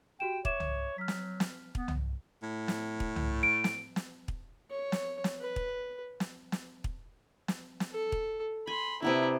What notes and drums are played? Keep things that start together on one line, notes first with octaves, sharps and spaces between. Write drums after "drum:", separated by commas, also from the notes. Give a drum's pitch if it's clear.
F#4 G4 G5 E7
C#5 E5 D6 E7, drum: kick
drum: tom
F#3 F6 B6
drum: snare
drum: snare
B3, drum: kick
drum: tom
A2
drum: snare
drum: kick
drum: tom
D7
drum: snare
drum: snare
drum: kick
C#5
drum: snare
drum: snare
B4
drum: kick
drum: snare
drum: snare
drum: kick
drum: snare
drum: snare
A4
drum: kick
G#5 B5 C6
C3 B3 D4 E4 A#5